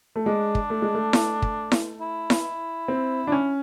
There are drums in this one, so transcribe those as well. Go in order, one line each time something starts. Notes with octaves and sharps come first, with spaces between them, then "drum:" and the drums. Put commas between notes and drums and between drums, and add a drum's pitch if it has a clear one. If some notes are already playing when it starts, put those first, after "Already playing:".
A3
G#3 D4
drum: kick
A3
G#3
A3
drum: snare E4
drum: kick
drum: snare E4
E4
drum: snare E4
C4
D4
C#4